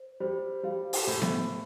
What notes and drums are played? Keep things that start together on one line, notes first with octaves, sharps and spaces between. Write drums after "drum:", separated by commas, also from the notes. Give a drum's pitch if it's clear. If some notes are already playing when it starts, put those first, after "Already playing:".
Already playing: C5
G3 C5
G3 F5
drum: open hi-hat
A2 G4
drum: snare B3